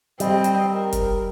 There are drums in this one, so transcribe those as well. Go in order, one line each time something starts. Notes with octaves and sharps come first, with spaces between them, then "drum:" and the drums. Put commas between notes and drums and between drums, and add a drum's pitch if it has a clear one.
G3 C4 D#5, drum: hi-hat
drum: hi-hat
A#4
drum: kick F1, hi-hat